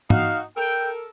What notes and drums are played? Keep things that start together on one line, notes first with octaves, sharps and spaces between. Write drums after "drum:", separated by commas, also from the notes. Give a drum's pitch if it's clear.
D#4 F#4 F5, drum: tom
A4 A#4 G5